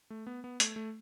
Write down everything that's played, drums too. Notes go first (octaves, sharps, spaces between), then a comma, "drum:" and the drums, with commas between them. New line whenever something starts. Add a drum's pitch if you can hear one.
A3
B3
B3
A3, drum: hi-hat
A3